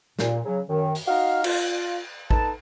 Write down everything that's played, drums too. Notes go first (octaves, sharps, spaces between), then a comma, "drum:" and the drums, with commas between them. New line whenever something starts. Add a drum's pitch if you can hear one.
A#2, drum: snare
C#3 F#3
F#2 D#3
drum: open hi-hat
D#4 F#4 D#5 F5
F4, drum: cymbal
D#4 A4 B4 A5, drum: kick